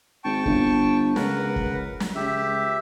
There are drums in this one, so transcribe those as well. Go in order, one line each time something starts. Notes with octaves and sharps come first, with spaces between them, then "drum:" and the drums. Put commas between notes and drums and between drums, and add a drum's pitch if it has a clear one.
G#1 G5 A5 C#6
G1, drum: kick
C#2 A#4 B4 F#5, drum: snare
drum: kick
drum: snare
C#2 G4 E5